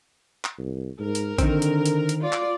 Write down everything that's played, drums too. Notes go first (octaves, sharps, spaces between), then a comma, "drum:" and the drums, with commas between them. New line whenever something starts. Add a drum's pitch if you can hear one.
drum: clap
C2
G#2 A#4
drum: hi-hat
D3 D#3 C4, drum: kick A1, hi-hat
drum: hi-hat
drum: hi-hat
drum: hi-hat
F4 D5
drum: clap